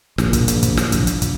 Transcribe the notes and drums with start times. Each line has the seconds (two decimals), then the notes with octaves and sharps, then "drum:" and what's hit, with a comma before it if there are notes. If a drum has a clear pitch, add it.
0.18 A#1, drum: snare
0.33 drum: kick, hi-hat
0.48 drum: hi-hat
0.63 drum: kick, hi-hat
0.77 drum: snare
0.92 drum: kick, hi-hat
1.07 drum: hi-hat
1.22 drum: kick, hi-hat